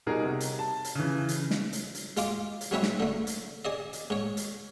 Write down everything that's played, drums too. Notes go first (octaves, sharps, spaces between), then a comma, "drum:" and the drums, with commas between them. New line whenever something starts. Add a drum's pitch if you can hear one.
B2 G3 D#4 G#4 A#4
C3
drum: hi-hat
A5
drum: hi-hat
C#3 E3
drum: hi-hat
drum: snare
drum: hi-hat
drum: hi-hat
G#3 F4 D6, drum: hi-hat
drum: hi-hat
F#3 G#3 C4 B4 C#5 E5
drum: snare
D3 A3
drum: hi-hat
G#4 D5 D#5
drum: hi-hat
G#2 C#5
drum: hi-hat